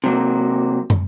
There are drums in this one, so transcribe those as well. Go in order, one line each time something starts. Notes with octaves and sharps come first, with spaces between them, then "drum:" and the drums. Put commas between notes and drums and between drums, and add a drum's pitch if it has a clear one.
C3 F#3 A#3
drum: tom